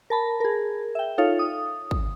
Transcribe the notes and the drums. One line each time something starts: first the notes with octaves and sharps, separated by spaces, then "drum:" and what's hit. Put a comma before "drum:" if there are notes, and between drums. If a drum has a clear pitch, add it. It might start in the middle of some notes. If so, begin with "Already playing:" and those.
A#4 A5 B5
G#4 A#4
E5 G5
D#4 F4 A4 C#5 F5
D#6
drum: kick